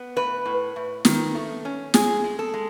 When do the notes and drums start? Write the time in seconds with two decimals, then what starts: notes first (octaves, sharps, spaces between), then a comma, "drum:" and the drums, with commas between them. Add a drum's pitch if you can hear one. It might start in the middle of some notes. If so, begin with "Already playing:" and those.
Already playing: B3
0.16 A2 B4
0.45 A2
0.76 A2
1.05 D#3, drum: snare
1.35 A3
1.65 C#4
1.94 G#3 G#4, drum: snare
2.24 G#3
2.39 A4
2.54 G#3